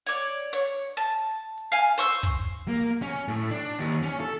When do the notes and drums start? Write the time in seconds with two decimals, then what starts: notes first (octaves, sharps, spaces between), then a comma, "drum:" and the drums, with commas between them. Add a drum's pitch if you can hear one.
0.07 C#5 D5
0.27 drum: hi-hat
0.40 drum: hi-hat
0.53 C#5
0.66 drum: hi-hat
0.79 drum: hi-hat
0.97 A5
1.18 drum: hi-hat
1.32 drum: hi-hat
1.58 drum: hi-hat
1.72 F5 G#5, drum: hi-hat
1.84 drum: hi-hat
1.98 C5 C#6 E6
2.10 drum: hi-hat
2.23 drum: kick, hi-hat
2.36 drum: hi-hat
2.49 drum: hi-hat
2.68 A#3
2.89 drum: hi-hat
3.02 C#4, drum: hi-hat
3.28 A2, drum: hi-hat
3.41 drum: hi-hat
3.51 D4
3.67 drum: hi-hat
3.79 D#2, drum: hi-hat
3.93 drum: hi-hat
4.03 C#4
4.20 A4, drum: hi-hat